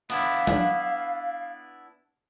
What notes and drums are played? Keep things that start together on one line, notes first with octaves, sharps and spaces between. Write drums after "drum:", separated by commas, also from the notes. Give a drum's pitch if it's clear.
B3 D4 E4 F5, drum: hi-hat
drum: tom F#3